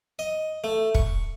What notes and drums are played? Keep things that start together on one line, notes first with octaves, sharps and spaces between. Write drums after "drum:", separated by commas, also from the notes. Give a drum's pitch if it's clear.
D#5
A3
C#6, drum: kick